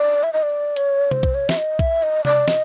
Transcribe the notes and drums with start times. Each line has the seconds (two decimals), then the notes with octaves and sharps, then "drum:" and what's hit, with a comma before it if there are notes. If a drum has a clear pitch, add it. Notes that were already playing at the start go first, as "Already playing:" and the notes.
Already playing: D5
0.23 E5
0.33 D#5
0.43 D5
0.76 C#5, drum: hi-hat
1.11 C5, drum: tom C3
1.23 drum: kick B1
1.34 C#5
1.49 E5, drum: snare
1.57 D#5
1.79 E5, drum: kick B1
2.03 D#5
2.25 D5, drum: tom C3
2.48 D#5, drum: snare